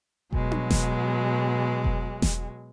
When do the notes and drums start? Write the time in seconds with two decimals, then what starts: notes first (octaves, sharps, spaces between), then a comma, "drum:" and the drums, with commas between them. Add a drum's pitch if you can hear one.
0.33 B2 F#3 G#3, drum: kick F1
0.51 drum: tom D4
0.70 drum: snare E1
1.84 drum: kick F1
2.22 drum: snare E1